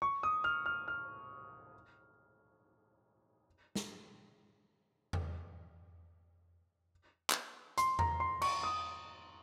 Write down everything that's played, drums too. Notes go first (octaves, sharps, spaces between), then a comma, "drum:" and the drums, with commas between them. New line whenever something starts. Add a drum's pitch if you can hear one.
C#6
D#6
F6
F6
F6
drum: snare
drum: tom E2
drum: clap
C6, drum: hi-hat
A#5, drum: tom E2
C6
C#6, drum: cymbal
D#6